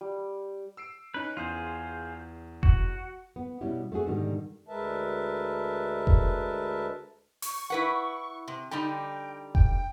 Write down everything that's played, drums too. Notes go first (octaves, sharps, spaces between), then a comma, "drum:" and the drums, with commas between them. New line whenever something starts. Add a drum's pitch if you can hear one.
G3
E6 C7 D7
C#4 D#4 B4
E2 F4 G#4 C5 F6
F#4, drum: kick F1
B3
B2 G3 C#4 E4 G4
A3 C4 F#4 G#4
G#2 B2 D3 D#3 G3
D2 G#3 A#4 B4 E5 A5
drum: kick F1
C#6, drum: open hi-hat
E4 B4 F#5
C3
D3 G3 D#4 G5
G5, drum: kick F1